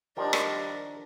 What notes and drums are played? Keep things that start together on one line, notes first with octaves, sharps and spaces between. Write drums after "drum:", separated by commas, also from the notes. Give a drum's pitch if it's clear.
D#3 F3 G3 D4 A#4
drum: rim click